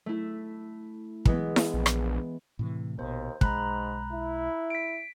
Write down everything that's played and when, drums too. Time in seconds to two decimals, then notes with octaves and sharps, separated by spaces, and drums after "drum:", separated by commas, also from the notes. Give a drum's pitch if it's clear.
0.06 A3 E4
1.25 E3 G#3 B3, drum: kick
1.56 drum: snare E4
1.74 A#1
1.86 drum: rim click
2.59 A2 C3 E3
2.99 A#1 D#2 B2 C5
3.41 B1 G#2 G#3 A#5 B5 F#6, drum: kick
4.13 E4
4.70 B6 D7